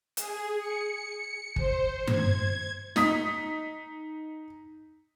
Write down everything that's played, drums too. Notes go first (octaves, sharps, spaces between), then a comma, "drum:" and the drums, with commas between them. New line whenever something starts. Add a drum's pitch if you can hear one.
G#4, drum: hi-hat
C#7
C5, drum: kick
G#6, drum: tom G2
D#4 D#6 B6, drum: snare